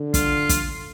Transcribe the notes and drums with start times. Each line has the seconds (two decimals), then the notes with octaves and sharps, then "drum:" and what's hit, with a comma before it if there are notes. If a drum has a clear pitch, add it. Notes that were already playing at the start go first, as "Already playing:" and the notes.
Already playing: D3
0.14 F4, drum: kick, hi-hat
0.49 drum: kick, hi-hat